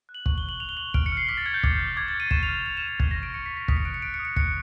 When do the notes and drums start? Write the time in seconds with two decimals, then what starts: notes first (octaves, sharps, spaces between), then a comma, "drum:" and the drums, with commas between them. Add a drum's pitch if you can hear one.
0.09 F#6
0.14 F#7
0.26 C#6 F#7, drum: kick
0.38 G7
0.43 F#6
0.49 F#7
0.60 F#6 F7
0.69 G7
0.77 C#6 F#7
0.94 F6 D7, drum: kick
1.06 C#7
1.12 F6
1.17 C7
1.29 D6 B6
1.37 A6
1.46 F6 G#6
1.54 G6
1.63 D6, drum: kick
1.80 F6
1.97 D6 G#6
2.08 A6
2.14 D6
2.20 D#7
2.31 C#6 E7, drum: kick
2.43 F7
2.49 F6
2.66 F6 F7
2.77 E7
2.82 F6
2.88 D#7
3.00 F6 A6, drum: kick
3.11 A#6
3.17 C#6
3.23 D7
3.34 C#6 C#7
3.46 B6
3.51 C#6
3.57 B6
3.68 D#6 B6, drum: kick
3.77 C#7
3.85 F#6 D7
3.94 C#7
4.02 F#6 D7
4.14 C#7
4.19 D#6
4.25 C#7
4.36 F#6 C#7, drum: kick